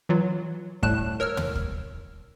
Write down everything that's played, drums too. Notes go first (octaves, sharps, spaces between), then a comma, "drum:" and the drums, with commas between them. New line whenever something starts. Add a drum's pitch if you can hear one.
E3 F#3 F4
A2 G3 A3 A5 F#6 E7, drum: kick
A#4 C#5 E6 F6
drum: tom
drum: kick